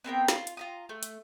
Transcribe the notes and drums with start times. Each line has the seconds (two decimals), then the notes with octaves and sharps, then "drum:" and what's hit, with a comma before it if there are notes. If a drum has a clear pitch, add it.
0.04 B3 C4 A#4 G5
0.28 F4, drum: snare
0.47 drum: hi-hat
0.57 F4 A#5 D#6
0.89 A3
1.03 drum: hi-hat